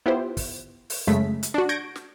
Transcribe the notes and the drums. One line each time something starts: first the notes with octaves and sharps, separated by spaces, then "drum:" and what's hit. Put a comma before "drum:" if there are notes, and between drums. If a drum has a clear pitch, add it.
B3 E4 F4 G4 C5
drum: kick, open hi-hat
drum: open hi-hat
F#2 C#3 G#3 A3 B6
drum: hi-hat
D4 F#4
C#6 G6 G#6 A#6 D7
drum: snare